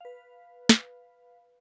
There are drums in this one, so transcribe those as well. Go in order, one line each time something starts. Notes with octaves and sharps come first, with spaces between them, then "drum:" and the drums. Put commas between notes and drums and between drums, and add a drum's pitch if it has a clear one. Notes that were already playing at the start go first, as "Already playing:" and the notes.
B4 F5
drum: snare